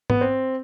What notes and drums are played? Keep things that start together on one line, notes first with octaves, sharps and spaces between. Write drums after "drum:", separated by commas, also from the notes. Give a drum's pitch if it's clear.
B3, drum: tom G#2
C4